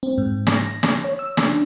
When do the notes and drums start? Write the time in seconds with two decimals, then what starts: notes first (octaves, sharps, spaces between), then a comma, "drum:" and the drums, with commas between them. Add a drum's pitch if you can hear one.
0.03 C4
0.18 G#2
0.47 drum: snare
0.57 A#6
0.83 drum: snare
1.04 C#5
1.19 E6
1.37 drum: snare
1.48 D4